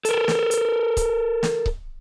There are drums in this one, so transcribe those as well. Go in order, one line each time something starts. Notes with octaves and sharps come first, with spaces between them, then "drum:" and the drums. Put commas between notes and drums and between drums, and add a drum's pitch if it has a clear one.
A4 A#4, drum: hi-hat
drum: snare
drum: hi-hat
drum: kick C#1, hi-hat
drum: snare
drum: kick C#1